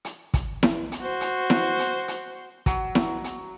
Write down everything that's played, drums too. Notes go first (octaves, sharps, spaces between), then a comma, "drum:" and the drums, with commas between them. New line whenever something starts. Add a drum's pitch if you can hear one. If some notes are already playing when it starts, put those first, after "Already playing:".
drum: hi-hat
drum: kick, hi-hat
drum: snare E4
drum: hi-hat
F#4 C5
drum: hi-hat
drum: snare E4
drum: hi-hat
drum: hi-hat
F#3, drum: kick, hi-hat
drum: snare E4
drum: hi-hat